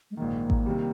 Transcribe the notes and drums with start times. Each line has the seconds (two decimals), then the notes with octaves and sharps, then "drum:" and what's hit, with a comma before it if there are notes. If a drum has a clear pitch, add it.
0.11 G#3
0.17 A#1 G#2 D#3 A#3
0.50 drum: kick A1
0.66 C3 D#3 G3